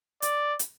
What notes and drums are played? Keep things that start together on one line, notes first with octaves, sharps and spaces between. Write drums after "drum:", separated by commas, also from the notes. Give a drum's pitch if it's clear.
D5, drum: hi-hat
drum: hi-hat